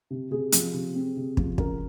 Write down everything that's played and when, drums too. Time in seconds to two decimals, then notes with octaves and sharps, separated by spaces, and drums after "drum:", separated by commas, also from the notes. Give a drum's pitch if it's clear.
0.10 C3
0.31 C3 G#4
0.52 F3, drum: hi-hat
0.74 C3
0.95 C4
1.16 C3
1.37 F3, drum: kick
1.58 C#3 A#4, drum: kick